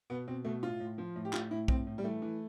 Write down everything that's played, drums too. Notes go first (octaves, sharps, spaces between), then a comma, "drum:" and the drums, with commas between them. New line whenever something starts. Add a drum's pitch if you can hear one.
B2 B3
B2 C4
B2 A3
A2 F4
A2
F3
A2
G4
A2 F4, drum: clap
A2 E4
A2 C4, drum: kick B1
A2
G3
E3 A3
E3